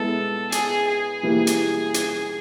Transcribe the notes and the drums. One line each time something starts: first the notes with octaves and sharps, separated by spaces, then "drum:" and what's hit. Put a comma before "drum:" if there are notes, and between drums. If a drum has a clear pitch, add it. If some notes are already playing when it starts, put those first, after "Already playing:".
Already playing: G#3 B3 E4 A4
G#4, drum: hi-hat
G#4
E3 G3 A#3
drum: hi-hat
drum: hi-hat